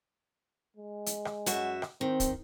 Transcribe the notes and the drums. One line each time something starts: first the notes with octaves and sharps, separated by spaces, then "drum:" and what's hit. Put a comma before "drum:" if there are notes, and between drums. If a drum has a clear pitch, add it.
G#3
drum: hi-hat
drum: rim click
F#2 F#4 E5, drum: hi-hat
drum: rim click
D#3 C4
drum: kick, hi-hat